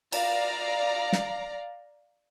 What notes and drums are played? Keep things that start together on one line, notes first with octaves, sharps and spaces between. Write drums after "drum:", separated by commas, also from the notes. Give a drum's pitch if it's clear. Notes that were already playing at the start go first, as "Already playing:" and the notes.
D5 F5 A#5, drum: cymbal
drum: snare